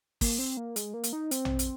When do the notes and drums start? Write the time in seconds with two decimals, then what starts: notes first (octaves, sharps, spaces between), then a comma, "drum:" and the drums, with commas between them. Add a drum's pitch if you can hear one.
0.21 A#3, drum: kick, open hi-hat
0.39 C4
0.57 A#3
0.76 G#3, drum: hi-hat
0.94 A#3
1.04 drum: hi-hat
1.13 D#4
1.31 C4, drum: hi-hat
1.45 drum: tom A#1
1.59 drum: hi-hat